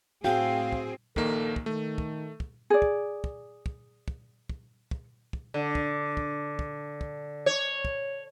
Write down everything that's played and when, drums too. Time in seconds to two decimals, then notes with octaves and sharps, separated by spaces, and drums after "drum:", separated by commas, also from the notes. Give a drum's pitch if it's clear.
0.24 A2 C4 F#4 G#4 F5 G5
0.73 drum: kick
1.16 A#1 D#3 A#3 A4, drum: kick
1.56 drum: kick
1.66 D#3 A3
1.98 drum: kick
2.40 drum: kick
2.70 G#4 D5
2.82 drum: kick
3.24 drum: kick
3.66 drum: kick
4.08 drum: kick
4.50 drum: kick
4.91 drum: kick
5.33 drum: kick
5.54 D3
5.75 drum: kick
6.17 drum: kick
6.59 drum: kick
7.01 drum: kick
7.46 C#5
7.85 drum: kick